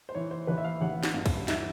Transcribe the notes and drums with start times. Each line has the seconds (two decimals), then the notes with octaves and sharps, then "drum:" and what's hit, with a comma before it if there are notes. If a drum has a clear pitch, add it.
0.09 C5
0.15 E3 C#5
0.31 C5
0.47 A1 B4
0.58 E5
0.64 F5
0.81 A1 F#5
1.03 drum: snare
1.14 G2 F5
1.26 drum: kick, cymbal
1.48 E3 E5, drum: snare